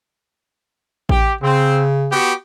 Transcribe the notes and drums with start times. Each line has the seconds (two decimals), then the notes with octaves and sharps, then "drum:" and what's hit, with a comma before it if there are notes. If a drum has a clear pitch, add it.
1.09 G4, drum: kick A1
1.41 C#3 C4
2.11 B3 F#4 G4